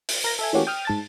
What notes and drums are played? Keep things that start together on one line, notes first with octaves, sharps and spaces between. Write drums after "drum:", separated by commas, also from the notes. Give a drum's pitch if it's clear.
drum: open hi-hat
A#4 A#6
A4 E5 G#5
E3 A3 A#3 C#4 F#4 G4
G5 D#6 F6
G#2 A5 A6